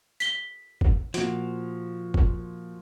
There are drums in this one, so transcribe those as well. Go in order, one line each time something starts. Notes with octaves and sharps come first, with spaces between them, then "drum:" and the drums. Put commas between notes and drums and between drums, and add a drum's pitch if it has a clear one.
B6 G7, drum: tambourine
drum: kick
A#2 F3 F#4, drum: hi-hat
drum: kick